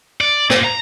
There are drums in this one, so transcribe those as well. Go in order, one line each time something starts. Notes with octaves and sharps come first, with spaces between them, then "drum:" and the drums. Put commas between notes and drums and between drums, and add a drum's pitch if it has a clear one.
D5
A#2, drum: rim click
A#5